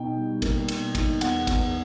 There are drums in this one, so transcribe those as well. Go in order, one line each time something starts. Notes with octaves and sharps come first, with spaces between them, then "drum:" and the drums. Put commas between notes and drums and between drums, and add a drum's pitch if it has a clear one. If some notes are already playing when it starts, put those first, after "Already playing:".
Already playing: B2 D#4 G5
G3
A#3, drum: kick, cymbal
B2, drum: cymbal
D#4, drum: kick, cymbal
E2 F#5, drum: cymbal
E2, drum: kick, cymbal